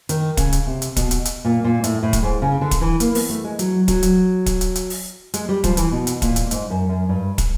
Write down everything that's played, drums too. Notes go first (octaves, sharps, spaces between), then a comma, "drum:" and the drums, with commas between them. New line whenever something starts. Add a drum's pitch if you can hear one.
D#3, drum: hi-hat
C#3, drum: kick, hi-hat
drum: hi-hat
C3
drum: hi-hat
B2, drum: kick, hi-hat
drum: hi-hat
drum: hi-hat
A#2
A#2
A2, drum: hi-hat
A2
drum: kick, hi-hat
G#2
C#3
D3
drum: kick, hi-hat
E3
A#3, drum: hi-hat
B3, drum: open hi-hat
A3
G#3
F#3, drum: hi-hat
F#3, drum: kick, hi-hat
drum: hi-hat
drum: kick, hi-hat
drum: hi-hat
drum: hi-hat
drum: open hi-hat
G#3, drum: hi-hat
G3
F3, drum: kick, hi-hat
E3, drum: hi-hat
B2
drum: hi-hat
A#2, drum: kick, hi-hat
drum: hi-hat
G#2, drum: hi-hat
F#2
F#2
G2
drum: kick, hi-hat